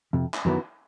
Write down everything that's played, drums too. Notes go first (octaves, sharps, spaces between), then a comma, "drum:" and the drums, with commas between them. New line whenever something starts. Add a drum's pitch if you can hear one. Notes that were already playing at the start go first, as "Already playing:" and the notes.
F2 C3
drum: clap
F#2 D#3 F#3 B3 E4